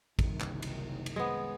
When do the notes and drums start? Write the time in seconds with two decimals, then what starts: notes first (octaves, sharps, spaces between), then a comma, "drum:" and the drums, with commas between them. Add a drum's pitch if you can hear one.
0.19 F#1 C2 D#3, drum: kick A1, cymbal
0.41 drum: clap
0.62 drum: cymbal
1.06 drum: cymbal
1.16 G#3 B3